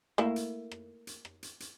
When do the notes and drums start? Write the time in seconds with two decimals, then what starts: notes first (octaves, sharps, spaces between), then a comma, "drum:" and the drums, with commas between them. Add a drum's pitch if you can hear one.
0.18 A3 A#3 E4, drum: rim click
0.36 drum: hi-hat
0.71 drum: rim click
1.07 drum: hi-hat
1.25 drum: rim click
1.43 drum: hi-hat
1.60 drum: hi-hat